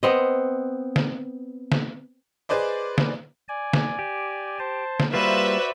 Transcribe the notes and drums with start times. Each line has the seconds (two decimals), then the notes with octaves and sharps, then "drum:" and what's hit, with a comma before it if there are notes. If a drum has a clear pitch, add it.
0.03 B3 C4 D#5
0.96 drum: snare
1.72 drum: snare
2.49 G#4 B4 C5 D5 D#5
2.98 drum: snare
3.49 D5 G#5
3.73 drum: snare
3.99 G4
4.59 C5 A5
5.00 drum: snare
5.14 G3 A#3 F4 F#4 B4 C5 D5 E5